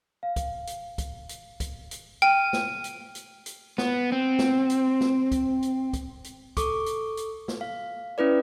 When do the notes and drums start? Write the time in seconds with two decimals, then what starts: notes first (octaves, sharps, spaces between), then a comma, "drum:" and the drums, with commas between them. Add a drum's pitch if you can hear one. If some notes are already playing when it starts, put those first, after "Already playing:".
0.23 F5
0.36 drum: kick, hi-hat
0.67 drum: hi-hat
0.98 drum: kick, hi-hat
1.29 drum: hi-hat
1.60 drum: kick, hi-hat
1.91 drum: hi-hat
2.22 G5 F6 D#7
2.53 drum: snare
2.84 drum: hi-hat
3.15 drum: hi-hat
3.46 drum: hi-hat
3.78 B3, drum: snare
4.12 C4
4.39 drum: snare
4.70 drum: hi-hat
5.01 drum: snare
5.32 drum: kick, hi-hat
5.62 drum: hi-hat
5.93 drum: kick, hi-hat
6.24 drum: hi-hat
6.57 A4 C#6 D6, drum: kick, hi-hat
6.86 drum: hi-hat
7.17 drum: hi-hat
7.48 drum: snare
7.61 F5
8.18 C#4 E4 B4 D5